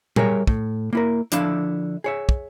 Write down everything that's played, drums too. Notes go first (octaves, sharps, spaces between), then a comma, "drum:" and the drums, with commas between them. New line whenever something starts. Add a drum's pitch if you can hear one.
G3 G#4 A#4 C#5 E5, drum: tom A#2
A2, drum: kick
A#3 E4 A#4
D3 F3 D4 E4 E5 F5, drum: hi-hat
G#4 C#5 E5
drum: kick